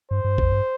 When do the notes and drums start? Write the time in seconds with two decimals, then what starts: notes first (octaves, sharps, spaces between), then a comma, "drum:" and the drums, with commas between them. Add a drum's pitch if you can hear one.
0.11 G2 C5
0.24 G2
0.38 F2, drum: kick A1
0.52 G2